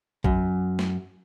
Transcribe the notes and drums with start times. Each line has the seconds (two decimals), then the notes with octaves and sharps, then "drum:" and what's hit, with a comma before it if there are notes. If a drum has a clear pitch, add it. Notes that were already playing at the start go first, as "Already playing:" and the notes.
0.24 F#2, drum: kick A#1
0.79 drum: snare